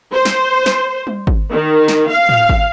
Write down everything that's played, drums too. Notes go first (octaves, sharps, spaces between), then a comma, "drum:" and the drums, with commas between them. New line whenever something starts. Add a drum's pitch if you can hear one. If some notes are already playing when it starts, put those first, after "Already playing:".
C5
drum: snare
drum: snare
drum: tom G3
drum: kick G#1
D#3
drum: snare
F5
drum: tom A2
drum: kick G#1